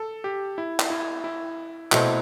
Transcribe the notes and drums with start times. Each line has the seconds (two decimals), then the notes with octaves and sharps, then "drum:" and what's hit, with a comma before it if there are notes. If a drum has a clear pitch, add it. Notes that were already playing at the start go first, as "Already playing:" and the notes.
Already playing: A4
0.24 G4
0.58 E4
0.80 drum: clap
0.90 E4
1.24 E4
1.92 B2 A3 C4 E4, drum: clap